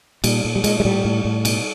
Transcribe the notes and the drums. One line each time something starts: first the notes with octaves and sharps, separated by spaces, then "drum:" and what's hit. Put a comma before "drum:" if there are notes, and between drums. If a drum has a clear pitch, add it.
A#2 G3, drum: cymbal
A#2
G3
A#2 G#3, drum: cymbal
G#3
A2 G3
A2
A2
B2, drum: cymbal